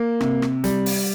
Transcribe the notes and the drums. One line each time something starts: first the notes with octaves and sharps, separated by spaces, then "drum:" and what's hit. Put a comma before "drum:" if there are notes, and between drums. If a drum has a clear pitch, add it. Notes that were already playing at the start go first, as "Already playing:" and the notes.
Already playing: A#3
C3, drum: rim click
drum: rim click
G3, drum: hi-hat
drum: open hi-hat